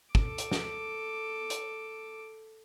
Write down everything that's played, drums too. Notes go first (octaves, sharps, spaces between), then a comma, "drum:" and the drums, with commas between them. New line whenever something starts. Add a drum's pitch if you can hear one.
A4 D6, drum: kick
drum: hi-hat
drum: snare
drum: hi-hat